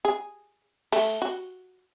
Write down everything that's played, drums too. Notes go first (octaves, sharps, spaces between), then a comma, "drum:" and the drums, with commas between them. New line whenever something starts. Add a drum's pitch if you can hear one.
G#4
A3, drum: open hi-hat
F#4